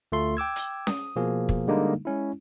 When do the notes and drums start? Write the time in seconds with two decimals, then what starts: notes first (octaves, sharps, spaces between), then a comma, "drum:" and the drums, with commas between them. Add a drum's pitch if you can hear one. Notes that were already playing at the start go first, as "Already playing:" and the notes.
0.12 D2 A3 F4 A4 C6
0.37 G5 D6 E6 G#6
0.56 drum: hi-hat
0.87 D#6, drum: snare C#4
1.16 B2 F3 A#3 G#4
1.49 drum: kick
1.68 D3 G3 G#3 A#3 D4 D#4
2.05 G#3 C#4 E4